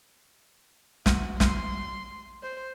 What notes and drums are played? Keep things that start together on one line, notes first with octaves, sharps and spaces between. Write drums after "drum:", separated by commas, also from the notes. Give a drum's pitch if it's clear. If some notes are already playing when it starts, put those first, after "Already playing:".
F#4, drum: snare
C6, drum: snare
C5